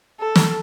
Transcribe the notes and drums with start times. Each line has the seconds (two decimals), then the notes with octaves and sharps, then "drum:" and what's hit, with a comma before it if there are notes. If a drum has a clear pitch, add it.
0.20 A4
0.36 drum: snare